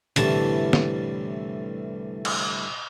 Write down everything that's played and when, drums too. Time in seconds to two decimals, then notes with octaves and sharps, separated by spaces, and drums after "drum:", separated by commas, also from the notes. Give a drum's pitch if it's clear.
0.16 C2 A2 D3 E3 G3 A5, drum: hi-hat
0.73 drum: snare
2.25 drum: cymbal